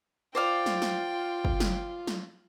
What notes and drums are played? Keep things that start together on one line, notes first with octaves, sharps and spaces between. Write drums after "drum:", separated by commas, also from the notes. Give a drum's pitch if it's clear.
F4 C5 D5 F5 G5
drum: snare
drum: snare
drum: kick
drum: snare
drum: snare